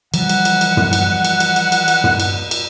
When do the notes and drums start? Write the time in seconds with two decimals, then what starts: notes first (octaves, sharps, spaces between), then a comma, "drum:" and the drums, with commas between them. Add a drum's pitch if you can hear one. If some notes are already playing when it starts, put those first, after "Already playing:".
0.14 E3 F3 G3 F#5, drum: cymbal
0.29 drum: cymbal
0.45 drum: cymbal
0.61 drum: cymbal
0.77 drum: tom
0.93 drum: cymbal
1.25 drum: cymbal
1.40 drum: cymbal
1.56 drum: cymbal
1.72 drum: cymbal
1.88 drum: cymbal
2.04 drum: tom
2.20 drum: cymbal
2.51 drum: cymbal